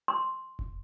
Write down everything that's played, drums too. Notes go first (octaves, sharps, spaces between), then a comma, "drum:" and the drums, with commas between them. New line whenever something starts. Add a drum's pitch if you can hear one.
C6
drum: kick F1